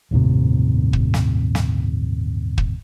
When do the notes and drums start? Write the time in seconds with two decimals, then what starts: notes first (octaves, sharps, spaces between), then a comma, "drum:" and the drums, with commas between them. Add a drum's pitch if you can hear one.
0.11 G1 D#2 A2 C3
0.93 drum: kick
1.14 drum: snare
1.55 drum: snare
2.58 drum: kick